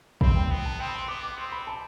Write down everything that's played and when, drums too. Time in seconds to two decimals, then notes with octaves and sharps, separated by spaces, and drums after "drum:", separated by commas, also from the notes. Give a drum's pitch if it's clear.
0.21 C4 B5, drum: kick
0.35 G5
0.50 B3 G5
0.66 A5
0.79 C4 G5
0.89 B5
0.98 C6
1.08 B3 D6
1.23 D6
1.38 C4 C6
1.52 B5
1.67 A5